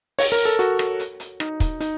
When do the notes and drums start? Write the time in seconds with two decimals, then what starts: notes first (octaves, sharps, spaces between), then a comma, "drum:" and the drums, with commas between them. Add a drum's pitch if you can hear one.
0.19 C#5, drum: open hi-hat
0.32 A#4
0.45 A4
0.59 F#4, drum: hi-hat
0.79 drum: rim click
0.99 drum: hi-hat
1.20 drum: hi-hat
1.40 D#4, drum: rim click
1.60 drum: kick, hi-hat
1.80 D#4, drum: hi-hat